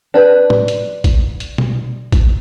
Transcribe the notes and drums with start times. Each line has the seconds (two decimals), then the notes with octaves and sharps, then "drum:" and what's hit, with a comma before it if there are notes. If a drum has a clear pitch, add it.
0.14 D4 B4
0.50 drum: tom A2
0.68 drum: hi-hat
1.04 drum: kick A#1, hi-hat
1.40 drum: hi-hat
1.58 drum: tom B2
2.12 drum: kick A#1, hi-hat